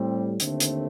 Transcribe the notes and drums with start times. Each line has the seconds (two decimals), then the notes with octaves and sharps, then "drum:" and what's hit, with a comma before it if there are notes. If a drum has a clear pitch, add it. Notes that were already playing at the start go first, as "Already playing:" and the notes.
Already playing: A2 G3 C4
0.40 D#2 D3 A3 C4, drum: hi-hat
0.60 drum: hi-hat